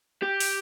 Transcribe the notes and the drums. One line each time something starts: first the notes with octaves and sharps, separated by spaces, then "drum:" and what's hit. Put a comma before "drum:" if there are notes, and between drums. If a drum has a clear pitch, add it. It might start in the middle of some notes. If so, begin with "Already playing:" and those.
G4
drum: open hi-hat